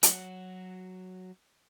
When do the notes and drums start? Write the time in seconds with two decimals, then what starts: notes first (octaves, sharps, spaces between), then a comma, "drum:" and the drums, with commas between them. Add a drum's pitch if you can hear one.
0.03 F#3 F#4, drum: hi-hat